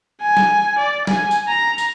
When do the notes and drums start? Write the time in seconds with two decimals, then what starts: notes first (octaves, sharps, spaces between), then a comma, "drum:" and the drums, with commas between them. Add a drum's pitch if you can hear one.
0.22 G#5
0.37 drum: snare
0.78 D5
1.07 G#5, drum: snare
1.31 drum: tambourine
1.48 A#5
1.78 drum: tambourine